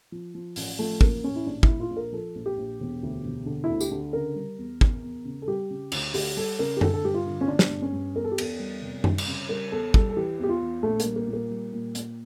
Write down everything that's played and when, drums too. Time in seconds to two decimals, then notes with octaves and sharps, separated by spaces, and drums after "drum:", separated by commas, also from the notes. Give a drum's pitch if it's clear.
0.12 F3
0.35 F3
0.56 A1, drum: open hi-hat
0.79 F3 A3
1.01 A1 A#3, drum: kick
1.24 A1 C#4
1.36 E4
1.46 A#1 D4
1.63 E4, drum: kick
1.68 A#1
1.80 F4
1.90 A#1
1.97 A#4
2.12 F3 A4
2.35 A#1
2.46 G4
2.57 A#1
2.80 E1
3.03 D2
3.25 E1
3.46 D3
3.64 E4
3.70 D2
3.80 G4, drum: tambourine
3.91 D3
4.13 C#3 A#4
4.36 G3
4.58 E2
4.81 E2, drum: kick
5.02 E2
5.25 C#3
5.42 A4
5.48 G3 G4
5.70 C#3
5.92 D2, drum: cymbal
6.14 D2 G4, drum: open hi-hat
6.37 G3 A4
6.59 C#3 A#4
6.77 G4
6.81 D3 A4, drum: tom F#2
6.93 A4
7.04 G2 G4
7.14 F4
7.27 D3
7.41 C#4
7.48 G1 D4
7.59 drum: snare
7.71 G2
7.82 C#4
7.93 G2
8.15 E2 A#4
8.24 A4
8.32 G4
8.38 E2 A4, drum: cymbal
8.60 G3
8.82 F1
9.04 G3, drum: tom F#2
9.18 drum: cymbal
9.28 C#3
9.49 G3 A#4
9.71 E2 A4
9.94 G3 A4, drum: kick
10.10 A4
10.17 E3 G4
10.39 E2 G4
10.49 F4
10.60 E2
10.83 A#1 A3
11.00 A#3, drum: hi-hat
11.06 G3
11.16 A#3
11.28 A#2
11.33 A#3
11.51 G3
11.72 A#2
11.95 A#2, drum: hi-hat